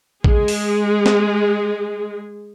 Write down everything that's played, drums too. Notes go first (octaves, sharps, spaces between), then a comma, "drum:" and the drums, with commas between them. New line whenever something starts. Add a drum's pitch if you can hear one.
G#3 G#4, drum: kick
drum: open hi-hat
drum: snare